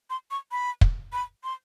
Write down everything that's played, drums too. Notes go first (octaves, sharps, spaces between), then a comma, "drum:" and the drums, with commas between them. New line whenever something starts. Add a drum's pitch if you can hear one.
C6
C#6
B5
drum: kick
B5
C6